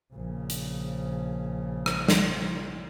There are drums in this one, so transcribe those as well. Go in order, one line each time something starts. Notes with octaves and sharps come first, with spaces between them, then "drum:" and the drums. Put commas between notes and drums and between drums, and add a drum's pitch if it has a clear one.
A#1 C#3
drum: hi-hat
drum: rim click
drum: snare